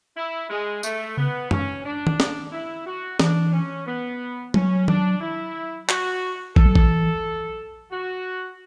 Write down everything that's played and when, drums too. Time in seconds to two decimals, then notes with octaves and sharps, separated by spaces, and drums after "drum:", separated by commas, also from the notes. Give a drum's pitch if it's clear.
0.16 E4
0.50 G#3
0.83 A3, drum: tambourine
1.17 C#3 B3
1.51 C#4, drum: tom F#2
1.84 D4
2.07 drum: tom D#3
2.20 drum: snare
2.52 E4
2.86 F#4
3.20 E3 D4, drum: snare
3.53 C#4
3.87 B3
4.54 F#3 C#4, drum: tom
4.88 D4, drum: tom D#3
5.21 E4
5.89 F#4, drum: clap
6.56 E3 A4, drum: kick
6.66 F#3
6.75 E3, drum: kick
7.91 F#4